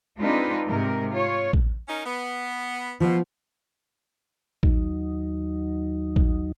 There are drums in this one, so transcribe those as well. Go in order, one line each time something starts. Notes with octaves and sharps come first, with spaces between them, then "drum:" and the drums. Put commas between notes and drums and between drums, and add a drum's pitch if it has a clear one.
G#3 C4 D4 D#4 F4 B4
G#2 C3 A#4
F4 C#5
drum: kick A1
C#4 D#4 A#4
B3
B2 F3 B3
D#2 F#3 D#4, drum: kick A1
drum: kick A1